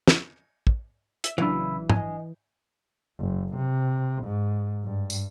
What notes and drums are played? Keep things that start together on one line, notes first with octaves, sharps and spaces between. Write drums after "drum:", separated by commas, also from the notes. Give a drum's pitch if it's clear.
drum: snare
drum: kick
E5, drum: hi-hat
A#1 C#3 E3 F#3 D4 E4
D#5 G#5, drum: tom
F#1
C3
G#2
G2
drum: tambourine